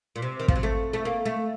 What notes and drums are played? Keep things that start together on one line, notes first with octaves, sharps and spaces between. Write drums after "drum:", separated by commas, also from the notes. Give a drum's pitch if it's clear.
A#2
C3
D#3
F3, drum: kick
F#3
A3
A3
A#3
A3